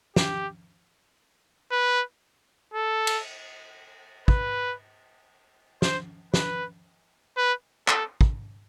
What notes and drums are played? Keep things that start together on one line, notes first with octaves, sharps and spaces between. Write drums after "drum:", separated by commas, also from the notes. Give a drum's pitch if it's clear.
G4, drum: snare
B4
A4
drum: cymbal
B4, drum: kick
C5, drum: snare
B4, drum: snare
B4
A4, drum: clap
drum: kick